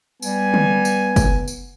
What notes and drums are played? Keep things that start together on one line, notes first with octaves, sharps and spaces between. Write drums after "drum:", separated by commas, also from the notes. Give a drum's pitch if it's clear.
G3 B3 G#5, drum: tambourine
drum: tom D3
drum: tambourine
drum: kick, tambourine
drum: tambourine